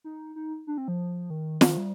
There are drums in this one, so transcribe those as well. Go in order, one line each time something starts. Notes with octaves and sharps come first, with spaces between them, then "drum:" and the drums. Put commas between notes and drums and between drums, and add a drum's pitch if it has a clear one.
D#4
D#4
D4
C4
F3
D#3
D#3, drum: snare
G3